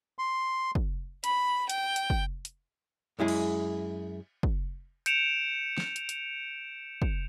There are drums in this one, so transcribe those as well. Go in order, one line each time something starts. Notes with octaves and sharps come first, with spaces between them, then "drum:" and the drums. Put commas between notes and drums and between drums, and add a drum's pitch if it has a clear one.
C6
drum: kick
B5, drum: hi-hat
G5, drum: hi-hat
drum: hi-hat
drum: kick
drum: hi-hat
F#2 G#3 E4 G#4
drum: cymbal
drum: kick
G6 C#7 D7 E7 F7, drum: hi-hat
drum: snare
drum: hi-hat
drum: hi-hat
drum: kick